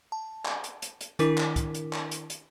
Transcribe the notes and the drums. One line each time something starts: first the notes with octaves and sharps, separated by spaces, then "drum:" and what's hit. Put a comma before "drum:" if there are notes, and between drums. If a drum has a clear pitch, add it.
A5
drum: clap
drum: hi-hat
drum: hi-hat
drum: hi-hat
D#3 D4 E4 A#4 D6 B6, drum: hi-hat
drum: clap
drum: kick, hi-hat
drum: hi-hat
drum: clap
drum: hi-hat
drum: hi-hat